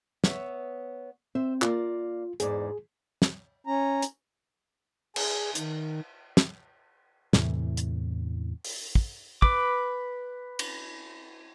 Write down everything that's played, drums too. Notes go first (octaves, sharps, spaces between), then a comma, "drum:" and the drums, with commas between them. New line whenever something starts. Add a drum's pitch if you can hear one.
B3 C#5 E5, drum: snare
C4 C5 E5
A#3 F4 D5, drum: clap
E2 G#2 G#4 D5, drum: hi-hat
drum: snare
C#4 A#5
drum: hi-hat
G#4, drum: cymbal
D#3, drum: hi-hat
drum: snare
E2 A2 C3 E3, drum: snare
drum: hi-hat
drum: open hi-hat
drum: kick
B4 D6, drum: kick
drum: cymbal